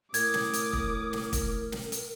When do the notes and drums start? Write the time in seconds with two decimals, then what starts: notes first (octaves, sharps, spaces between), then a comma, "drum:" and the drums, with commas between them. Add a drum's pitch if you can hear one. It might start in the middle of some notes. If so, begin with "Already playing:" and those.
0.14 A2 A#4 D6 D#6 G#6, drum: hi-hat
0.34 drum: snare
0.53 drum: hi-hat
0.73 drum: kick
1.13 drum: snare
1.33 drum: kick, hi-hat
1.72 drum: snare
1.92 drum: hi-hat